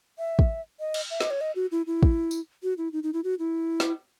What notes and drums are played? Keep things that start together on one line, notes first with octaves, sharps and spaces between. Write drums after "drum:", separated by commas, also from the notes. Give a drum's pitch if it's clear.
E5
drum: kick
D#5
drum: cymbal
E5
D#5, drum: snare
C#5
D#5
F#4
E4
E4
drum: kick
drum: tambourine
F#4
E4
D#4
D#4
E4
F#4
E4
drum: snare